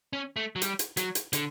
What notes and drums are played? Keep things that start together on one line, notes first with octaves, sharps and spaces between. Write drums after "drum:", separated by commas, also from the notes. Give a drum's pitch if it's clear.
C#4
A3
F#3
G3, drum: hi-hat
drum: hi-hat
F#3, drum: hi-hat
drum: hi-hat
D3, drum: hi-hat